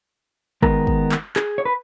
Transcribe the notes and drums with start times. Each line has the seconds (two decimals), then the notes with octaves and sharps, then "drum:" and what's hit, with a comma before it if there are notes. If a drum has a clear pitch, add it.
0.62 D#3 G#3 B3 A#4, drum: kick
0.87 drum: kick
1.12 drum: clap
1.36 G#4, drum: clap
1.58 C#5
1.65 B4